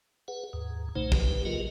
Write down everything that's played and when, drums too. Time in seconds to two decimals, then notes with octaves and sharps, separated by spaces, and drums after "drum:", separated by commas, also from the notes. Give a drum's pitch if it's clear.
0.28 G#4 B4 F#5
0.53 D#2 G#2
0.95 B1 A#2 C#3 A3 D#4 C5
1.12 C2 G4 B4, drum: kick
1.45 F#3 A#3 F4 G#4 A#4 D#5